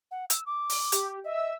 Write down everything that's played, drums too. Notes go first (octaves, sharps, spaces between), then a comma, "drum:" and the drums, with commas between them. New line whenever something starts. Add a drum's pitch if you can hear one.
F#5
E6, drum: hi-hat
D6
drum: open hi-hat
G4, drum: hi-hat
D#5 E5 E6